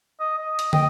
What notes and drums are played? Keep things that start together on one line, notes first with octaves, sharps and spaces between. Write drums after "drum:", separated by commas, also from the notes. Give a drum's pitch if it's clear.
D#5
D#5
drum: hi-hat
D#5 G5, drum: tom